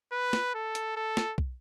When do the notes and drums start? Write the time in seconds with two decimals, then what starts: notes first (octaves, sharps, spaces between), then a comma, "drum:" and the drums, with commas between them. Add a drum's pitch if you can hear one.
0.12 B4
0.33 drum: snare
0.54 A4
0.75 drum: hi-hat
0.96 A4
1.17 drum: snare
1.38 drum: kick